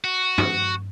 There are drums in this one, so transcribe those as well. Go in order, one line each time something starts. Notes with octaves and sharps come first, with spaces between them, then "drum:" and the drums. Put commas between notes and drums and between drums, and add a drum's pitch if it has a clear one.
F#4
drum: tom